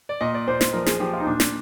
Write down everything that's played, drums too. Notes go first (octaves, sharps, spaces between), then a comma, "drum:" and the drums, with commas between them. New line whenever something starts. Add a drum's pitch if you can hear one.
D5
A#2 D#5
D5
A#2 C5
C5, drum: snare
F3 A#4
G#4, drum: snare
F3 G4
F4
D#4
A#2 D4
drum: snare